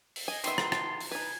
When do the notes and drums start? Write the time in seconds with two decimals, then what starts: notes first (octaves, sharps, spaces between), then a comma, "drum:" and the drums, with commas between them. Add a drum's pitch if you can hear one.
0.16 drum: open hi-hat
0.28 D#5 G#5
0.44 D#3 B3 E5 C6, drum: hi-hat
0.58 drum: rim click
0.72 drum: rim click
1.00 drum: open hi-hat
1.11 D#4 B4 G#5